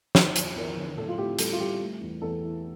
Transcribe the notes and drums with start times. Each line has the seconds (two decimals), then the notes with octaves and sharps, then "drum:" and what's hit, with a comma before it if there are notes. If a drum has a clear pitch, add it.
0.15 F3 C5, drum: snare
0.36 E2, drum: hi-hat
0.56 E2 A#4
0.77 D3
0.97 A2 A4
1.08 F4
1.18 A2 G4
1.39 G3 A4, drum: hi-hat
1.53 F4
1.59 G3 G4
1.81 A3
2.01 E2
2.22 E2 A4
2.43 E3